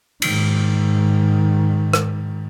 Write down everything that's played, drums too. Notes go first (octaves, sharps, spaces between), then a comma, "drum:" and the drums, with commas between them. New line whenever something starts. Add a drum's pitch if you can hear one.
G#2 D#3, drum: cymbal
drum: rim click